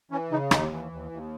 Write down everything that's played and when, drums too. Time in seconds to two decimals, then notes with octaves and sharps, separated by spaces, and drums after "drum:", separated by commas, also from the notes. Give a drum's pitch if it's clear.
0.11 E3 C#4
0.31 C#3 D#4
0.51 D#2 D#4, drum: rim click
0.71 E3
0.92 D#2
1.11 D#2